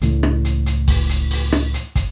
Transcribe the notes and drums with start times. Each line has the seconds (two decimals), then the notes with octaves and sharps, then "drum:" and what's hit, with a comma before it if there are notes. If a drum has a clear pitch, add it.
0.01 C#2 A2 E3, drum: hi-hat
0.23 drum: rim click
0.45 drum: hi-hat
0.66 drum: hi-hat
0.88 drum: kick, open hi-hat
1.09 drum: hi-hat
1.31 drum: open hi-hat
1.52 drum: rim click
1.74 drum: hi-hat
1.95 drum: kick, hi-hat